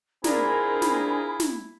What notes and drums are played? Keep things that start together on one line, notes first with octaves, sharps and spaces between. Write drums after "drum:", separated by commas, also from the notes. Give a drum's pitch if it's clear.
C4 D4 E4 F4 G#4 A#4 A#5 B5, drum: snare
drum: snare
drum: snare